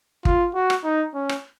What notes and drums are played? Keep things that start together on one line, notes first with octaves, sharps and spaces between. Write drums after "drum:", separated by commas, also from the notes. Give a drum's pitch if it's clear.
F4, drum: kick
F#4
drum: rim click
D#4
C#4
drum: rim click